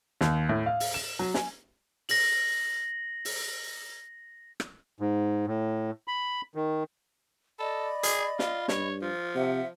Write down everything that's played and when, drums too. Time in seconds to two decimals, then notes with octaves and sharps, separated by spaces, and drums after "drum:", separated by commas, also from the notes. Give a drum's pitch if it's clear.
0.21 D#2, drum: snare
0.49 A2
0.66 F5
0.80 drum: open hi-hat
0.94 E7
1.19 F#3
1.34 G#5, drum: snare
2.09 A#6 F#7, drum: open hi-hat
3.25 drum: open hi-hat
4.60 drum: rim click
5.00 G#2
5.47 A2
6.08 B5
6.55 D#3
7.59 A4 D5 D#5 B5
8.03 G#4, drum: hi-hat
8.39 F4, drum: snare
8.68 G2 C#5, drum: snare
9.02 F3 F4
9.35 C3 E5 F#5